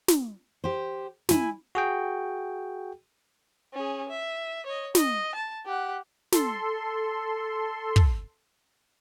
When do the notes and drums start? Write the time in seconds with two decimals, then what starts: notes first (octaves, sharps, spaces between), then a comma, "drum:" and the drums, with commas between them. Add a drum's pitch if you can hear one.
0.08 drum: snare
0.64 G4 C5
1.29 E4 G#5, drum: snare
1.75 F#4 G#4 G5
3.73 C#4 G#4
4.09 E5
4.66 C#5 D#5
4.95 D#5, drum: snare
5.35 A5
5.66 G4 F#5
6.32 A4 C6, drum: snare
7.96 drum: kick